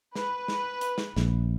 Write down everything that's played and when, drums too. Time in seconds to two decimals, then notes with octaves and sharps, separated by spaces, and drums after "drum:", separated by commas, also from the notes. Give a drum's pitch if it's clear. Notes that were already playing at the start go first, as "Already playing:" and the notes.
0.15 B4, drum: snare
0.48 drum: snare
0.81 drum: hi-hat
0.98 drum: snare
1.17 A#1, drum: snare